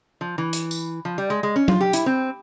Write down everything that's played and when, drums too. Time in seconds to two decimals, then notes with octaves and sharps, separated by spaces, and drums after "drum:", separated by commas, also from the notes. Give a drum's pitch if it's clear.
0.21 F3
0.38 E3
0.53 drum: hi-hat
0.71 drum: tambourine
1.05 F3
1.18 G3
1.30 G#3
1.43 G#3
1.56 C#4
1.68 F4, drum: tom F#3
1.81 G4
1.93 E4, drum: hi-hat
2.06 C4